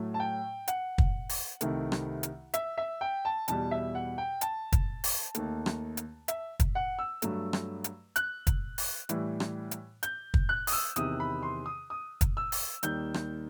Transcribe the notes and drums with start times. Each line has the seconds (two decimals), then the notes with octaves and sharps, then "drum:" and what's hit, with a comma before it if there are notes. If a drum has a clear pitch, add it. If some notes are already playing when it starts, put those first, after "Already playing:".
Already playing: A2 F#3 A3
0.14 A5
0.20 G5
0.68 F#5, drum: hi-hat
0.98 drum: kick
1.29 drum: open hi-hat
1.61 C2 C3 D#3 A3, drum: hi-hat
1.92 drum: rim click
2.23 drum: hi-hat
2.54 E5, drum: hi-hat
2.78 E5
3.01 G5
3.25 A5
3.48 E2 B2 G3 A5, drum: hi-hat
3.71 E5
3.95 F#5
4.18 G5
4.41 A5, drum: hi-hat
4.72 drum: kick, hi-hat
5.04 drum: open hi-hat
5.35 D#2 D#3 A3, drum: hi-hat
5.66 drum: rim click
5.97 drum: hi-hat
6.28 E5, drum: hi-hat
6.60 drum: kick, hi-hat
6.75 F#5
6.99 E6
7.22 G2 F#3 A3, drum: hi-hat
7.53 drum: rim click
7.84 drum: hi-hat
8.16 F#6, drum: hi-hat
8.47 drum: kick, hi-hat
8.78 drum: open hi-hat
9.09 A2 E3 G3, drum: hi-hat
9.40 drum: rim click
9.71 drum: hi-hat
10.03 G6, drum: hi-hat
10.34 drum: kick
10.49 F#6
10.67 D#6, drum: open hi-hat
10.72 E6
10.96 E2 C3 D#3 D#6, drum: hi-hat
11.20 B5
11.43 C6
11.66 D#6
11.90 D#6
12.21 drum: kick, hi-hat
12.37 E6
12.52 drum: open hi-hat
12.83 D#2 D#3 G3 G6, drum: hi-hat
13.14 drum: rim click